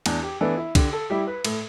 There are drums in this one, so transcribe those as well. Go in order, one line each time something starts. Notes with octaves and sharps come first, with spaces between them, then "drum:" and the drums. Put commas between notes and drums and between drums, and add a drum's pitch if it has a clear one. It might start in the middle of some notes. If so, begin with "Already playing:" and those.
E2 D4, drum: cymbal
G4
E3 B3 D4 A4
E4
D3 G4, drum: kick C2, cymbal
A4
G3 E4 G4
B4
A2 A4, drum: cymbal